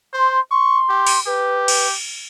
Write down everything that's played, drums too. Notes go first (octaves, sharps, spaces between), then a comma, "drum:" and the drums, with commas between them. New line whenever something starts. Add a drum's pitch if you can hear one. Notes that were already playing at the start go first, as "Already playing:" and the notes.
C5 C6
C6 C#6
G4
drum: open hi-hat
G4 B4
drum: cymbal